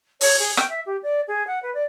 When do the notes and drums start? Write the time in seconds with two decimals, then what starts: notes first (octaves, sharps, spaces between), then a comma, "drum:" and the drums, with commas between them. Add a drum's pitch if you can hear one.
0.21 C#5, drum: open hi-hat
0.39 G#4
0.57 G5, drum: rim click
0.69 E5
0.86 G4
1.03 D5
1.28 G#4
1.47 F#5
1.63 B4
1.74 D5